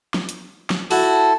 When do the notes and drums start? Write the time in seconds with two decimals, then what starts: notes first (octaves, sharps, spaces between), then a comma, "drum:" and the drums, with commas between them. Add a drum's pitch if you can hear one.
0.14 drum: snare
0.29 drum: hi-hat
0.70 drum: snare
0.91 E4 F#4 A4 A5, drum: open hi-hat